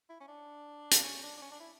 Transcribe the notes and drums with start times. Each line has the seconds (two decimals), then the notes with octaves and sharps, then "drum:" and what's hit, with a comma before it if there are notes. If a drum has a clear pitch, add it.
0.10 E4
0.20 C#4
0.28 D4
0.91 drum: hi-hat
1.04 C#4
1.23 D4
1.37 D4
1.42 C#4
1.52 D4
1.60 E4